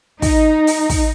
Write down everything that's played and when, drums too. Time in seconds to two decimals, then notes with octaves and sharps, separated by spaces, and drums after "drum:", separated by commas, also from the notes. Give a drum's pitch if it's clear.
0.22 D#4, drum: kick, open hi-hat
0.67 drum: open hi-hat
0.90 drum: kick, open hi-hat